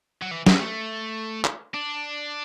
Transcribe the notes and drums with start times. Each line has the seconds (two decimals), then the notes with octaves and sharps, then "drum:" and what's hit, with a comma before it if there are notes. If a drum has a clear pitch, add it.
0.22 F#3
0.31 E3
0.46 F#3, drum: snare
0.60 A3
1.44 drum: clap
1.74 D4